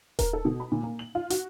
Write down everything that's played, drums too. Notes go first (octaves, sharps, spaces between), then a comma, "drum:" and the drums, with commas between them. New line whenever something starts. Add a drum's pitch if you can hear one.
A#4, drum: kick D#1, hi-hat
A4
B2
B5
A#2
A#3
F#7
F4
F#4, drum: hi-hat